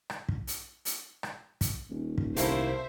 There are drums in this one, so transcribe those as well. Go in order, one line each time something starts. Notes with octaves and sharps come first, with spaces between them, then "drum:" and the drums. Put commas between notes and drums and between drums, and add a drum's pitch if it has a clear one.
drum: rim click
drum: kick
drum: hi-hat
drum: hi-hat
drum: rim click
drum: kick, hi-hat
D#1
drum: kick
C2 A2 C3 A#3 E4 C5 E5, drum: hi-hat